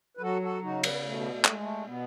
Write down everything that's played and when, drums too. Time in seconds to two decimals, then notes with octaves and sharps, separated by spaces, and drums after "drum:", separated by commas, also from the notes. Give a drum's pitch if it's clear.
0.17 B4
0.21 F#3 F#4 A4
0.42 F#4 A4
0.62 C#3 D#4 F#4
0.84 B3, drum: cymbal
1.03 B2 A3
1.20 B3
1.32 A3
1.45 G#3, drum: clap
1.59 A3
1.86 B2 B3